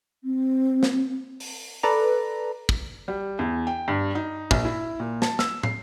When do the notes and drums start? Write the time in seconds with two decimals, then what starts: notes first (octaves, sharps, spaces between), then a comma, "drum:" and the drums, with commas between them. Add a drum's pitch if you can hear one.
0.24 C4
0.83 drum: snare
1.40 drum: open hi-hat
1.83 A4 B4 D5 A#5
2.69 drum: kick
3.08 G3
3.39 E2
3.67 G5
3.88 G2
4.15 D#4
4.51 A#1, drum: kick
4.65 E4
5.00 A#2
5.22 A5, drum: snare
5.39 E6, drum: snare
5.63 C7, drum: tom